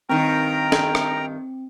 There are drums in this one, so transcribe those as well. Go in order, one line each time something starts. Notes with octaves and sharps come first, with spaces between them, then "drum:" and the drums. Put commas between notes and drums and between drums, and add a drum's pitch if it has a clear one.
G2 D#3 C4 A#4 G5 A#5
drum: snare
drum: rim click